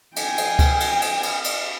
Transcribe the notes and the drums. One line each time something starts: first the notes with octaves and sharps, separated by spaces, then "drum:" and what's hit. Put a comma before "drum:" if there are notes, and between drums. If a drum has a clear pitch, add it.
G5 G#5, drum: cymbal
drum: cymbal
drum: kick C#2, cymbal
drum: cymbal
drum: cymbal
drum: cymbal
drum: cymbal